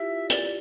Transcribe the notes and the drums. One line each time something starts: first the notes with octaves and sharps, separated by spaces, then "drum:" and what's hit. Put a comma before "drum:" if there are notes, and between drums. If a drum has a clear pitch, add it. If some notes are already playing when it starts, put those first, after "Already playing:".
Already playing: E4 F4 G4 E5
D5, drum: hi-hat